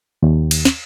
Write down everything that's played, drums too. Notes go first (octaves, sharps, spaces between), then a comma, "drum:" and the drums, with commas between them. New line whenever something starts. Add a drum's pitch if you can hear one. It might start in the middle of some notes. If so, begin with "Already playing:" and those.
D#2
drum: cymbal
drum: snare